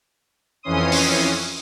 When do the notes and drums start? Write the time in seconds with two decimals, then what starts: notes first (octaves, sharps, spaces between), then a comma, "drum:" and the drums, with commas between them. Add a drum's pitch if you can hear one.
0.63 F2 E3 C#4 C6 D#6
0.92 drum: open hi-hat